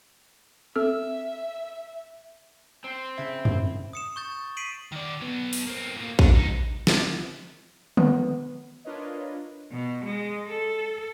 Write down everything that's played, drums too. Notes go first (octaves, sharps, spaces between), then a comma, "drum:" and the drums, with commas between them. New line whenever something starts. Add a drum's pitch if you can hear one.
C4 A4 E5 F6
C4 C5
C#3 E4
drum: tom F2
D#6 C#7 E7
C#6 G6 A6
B6 C7 D7 D#7 F#7
D#3 D5
F#3 B3
drum: open hi-hat
A#3 C4
A2 A#3
D3, drum: kick
C3 D#4
drum: snare
B3, drum: tom D3
D4 F4 A#4 B4 C#5 D#5
B2
G#3
A4